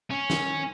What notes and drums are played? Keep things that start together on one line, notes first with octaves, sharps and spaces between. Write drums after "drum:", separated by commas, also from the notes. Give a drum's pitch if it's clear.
C#4
drum: snare